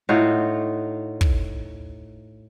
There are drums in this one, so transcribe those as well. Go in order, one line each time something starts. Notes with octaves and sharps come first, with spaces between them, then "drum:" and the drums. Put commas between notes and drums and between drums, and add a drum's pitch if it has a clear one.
A2 D#4 F4 F#4
drum: kick